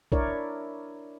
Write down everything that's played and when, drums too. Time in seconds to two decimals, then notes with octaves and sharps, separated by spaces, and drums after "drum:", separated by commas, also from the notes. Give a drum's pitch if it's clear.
0.12 D4 E4 A#4 C#5 D5, drum: kick